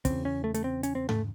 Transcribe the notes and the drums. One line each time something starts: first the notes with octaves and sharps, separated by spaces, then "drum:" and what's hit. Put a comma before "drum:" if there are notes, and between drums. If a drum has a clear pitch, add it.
E2 C#3 C4, drum: kick, hi-hat
C#4
A3
A3, drum: hi-hat
C4
C#4, drum: hi-hat
C4
A3, drum: tom G#2